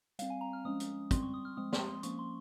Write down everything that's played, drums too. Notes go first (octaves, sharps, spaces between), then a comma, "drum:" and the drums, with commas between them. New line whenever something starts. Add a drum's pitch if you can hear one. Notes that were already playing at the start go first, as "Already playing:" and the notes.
G3 C4 F5, drum: hi-hat
G#5
A#5
F6
F3 G#3 C#4 D#6
drum: hi-hat
G3 C4 C6, drum: kick, hi-hat
C#6
D#6
F6
F3 G#3 C4 D#6
C6, drum: snare
C6
F3 A#3 C#4 C#6, drum: hi-hat
C6